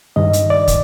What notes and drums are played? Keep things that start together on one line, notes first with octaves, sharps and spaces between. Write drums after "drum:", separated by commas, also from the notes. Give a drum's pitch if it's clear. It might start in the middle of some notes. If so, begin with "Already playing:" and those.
G2 D#3 D#5
drum: hi-hat
D5
drum: kick, hi-hat